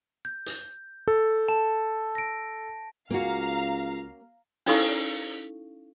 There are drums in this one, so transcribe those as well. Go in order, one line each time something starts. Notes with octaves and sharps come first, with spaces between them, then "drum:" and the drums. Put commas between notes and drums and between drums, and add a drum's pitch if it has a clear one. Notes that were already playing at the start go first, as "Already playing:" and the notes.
G6
drum: hi-hat
A4
A5
A#6 D7
C#2 A#3 C#4 F#4 F5 A#5
C#4 D#4 E4 A4 F5 C#6, drum: open hi-hat